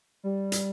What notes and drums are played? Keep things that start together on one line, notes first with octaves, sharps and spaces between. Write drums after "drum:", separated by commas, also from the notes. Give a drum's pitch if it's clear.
G3
drum: hi-hat